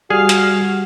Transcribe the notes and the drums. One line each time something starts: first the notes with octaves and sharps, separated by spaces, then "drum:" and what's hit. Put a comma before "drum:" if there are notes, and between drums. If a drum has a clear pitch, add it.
G3 F#4 G#4 F5
drum: hi-hat